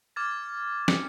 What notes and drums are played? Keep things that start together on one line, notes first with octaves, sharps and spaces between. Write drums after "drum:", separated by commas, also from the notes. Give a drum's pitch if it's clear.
D6 F6 G#6 A6
C#7, drum: snare